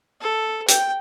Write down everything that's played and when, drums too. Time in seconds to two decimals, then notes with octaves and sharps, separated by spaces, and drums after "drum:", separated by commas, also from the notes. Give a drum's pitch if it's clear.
0.21 A4
0.68 G5, drum: hi-hat